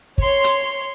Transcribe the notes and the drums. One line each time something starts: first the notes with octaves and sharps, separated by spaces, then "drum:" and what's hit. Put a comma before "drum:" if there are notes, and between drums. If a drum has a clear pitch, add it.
C#5 C6, drum: kick
drum: hi-hat